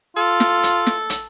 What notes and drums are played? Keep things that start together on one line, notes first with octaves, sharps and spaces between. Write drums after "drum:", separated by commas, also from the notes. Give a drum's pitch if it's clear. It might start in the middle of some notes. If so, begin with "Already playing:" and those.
F4 A4
drum: snare
drum: hi-hat
drum: snare
drum: hi-hat